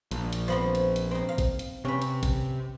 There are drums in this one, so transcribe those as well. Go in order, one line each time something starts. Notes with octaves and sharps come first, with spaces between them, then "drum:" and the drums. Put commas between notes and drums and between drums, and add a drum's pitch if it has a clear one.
A#1, drum: hi-hat
drum: hi-hat
F3 B3 C4
drum: hi-hat
drum: hi-hat
C4 D#4
F5
drum: kick A1, hi-hat
drum: hi-hat
C3 C#4 B4
drum: hi-hat
drum: kick A1, hi-hat